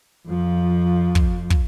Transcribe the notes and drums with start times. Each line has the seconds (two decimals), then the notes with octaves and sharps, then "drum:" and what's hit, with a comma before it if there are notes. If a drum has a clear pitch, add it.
0.27 F2 F3
1.15 drum: kick
1.50 drum: kick